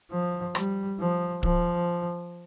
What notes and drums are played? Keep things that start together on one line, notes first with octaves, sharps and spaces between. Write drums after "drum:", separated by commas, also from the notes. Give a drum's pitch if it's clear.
F3
G3, drum: rim click
F3
F3, drum: kick